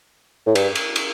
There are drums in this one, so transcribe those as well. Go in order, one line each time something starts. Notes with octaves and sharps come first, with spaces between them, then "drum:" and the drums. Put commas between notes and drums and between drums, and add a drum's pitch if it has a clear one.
A2
G2, drum: cymbal
drum: cymbal
drum: cymbal